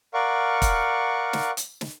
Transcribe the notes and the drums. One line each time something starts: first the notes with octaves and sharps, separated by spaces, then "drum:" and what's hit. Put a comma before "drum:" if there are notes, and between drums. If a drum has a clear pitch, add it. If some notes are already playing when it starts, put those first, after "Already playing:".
A#4 D5 F5 F#5 C#6
drum: kick, hi-hat
drum: snare
drum: hi-hat
drum: snare